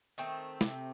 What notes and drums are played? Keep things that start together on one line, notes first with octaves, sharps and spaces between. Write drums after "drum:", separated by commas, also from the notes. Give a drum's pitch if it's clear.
D#3 A3 C4
C3, drum: snare